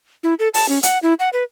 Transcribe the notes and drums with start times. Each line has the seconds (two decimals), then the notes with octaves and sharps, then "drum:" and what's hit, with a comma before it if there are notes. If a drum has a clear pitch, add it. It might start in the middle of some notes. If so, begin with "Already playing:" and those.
0.23 E4
0.39 A4
0.54 A5, drum: open hi-hat
0.69 C#4
0.83 F#5, drum: hi-hat
1.03 E4
1.20 F#5
1.33 B4